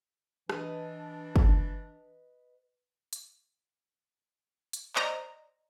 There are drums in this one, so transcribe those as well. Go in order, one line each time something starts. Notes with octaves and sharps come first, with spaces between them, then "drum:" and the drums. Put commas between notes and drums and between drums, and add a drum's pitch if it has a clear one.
E3 D4 B4 D#5, drum: rim click
drum: kick
drum: hi-hat
drum: hi-hat
C5 D5 D#5 A#5, drum: clap